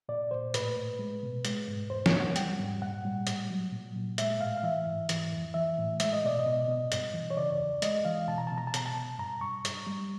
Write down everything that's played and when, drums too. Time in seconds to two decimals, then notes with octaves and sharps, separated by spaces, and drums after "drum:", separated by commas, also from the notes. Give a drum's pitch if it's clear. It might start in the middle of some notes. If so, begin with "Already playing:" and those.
0.09 A#2 D5
0.31 A#2 C5
0.54 A2 B4, drum: hi-hat
0.77 A2
0.99 G#3
1.23 B2
1.45 G#3, drum: hi-hat
1.68 G#2
1.90 E2 C5
2.06 C#5, drum: snare
2.14 E2
2.21 F#5
2.36 G3 G5, drum: hi-hat
2.59 G#2
2.82 A#2 F#5
3.05 G3
3.27 A2, drum: hi-hat
3.50 F#3
3.72 A#2
3.96 A#2
4.18 G#3 E5, drum: hi-hat
4.40 A2 F5
4.57 F5
4.63 E3 E5
4.86 G#2
5.09 E3, drum: hi-hat
5.33 F2
5.54 E3 E5
5.78 A2
6.00 G#3 E5, drum: hi-hat
6.13 D#5
6.24 B2 D5
6.39 D#5
6.46 B2
6.68 B2
6.92 G2, drum: hi-hat
7.14 E3
7.30 C#5
7.37 C#3 D5
7.59 E2
7.82 G#3 D#5, drum: hi-hat
8.05 E3 F5
8.28 B2 A5
8.38 A#5
8.47 B2 A5
8.58 A#5
8.67 A5
8.74 B2 A#5, drum: hi-hat
8.86 A5
8.95 B2
9.19 G2 A#5
9.41 G2 C#6
9.65 G2, drum: hi-hat
9.87 G3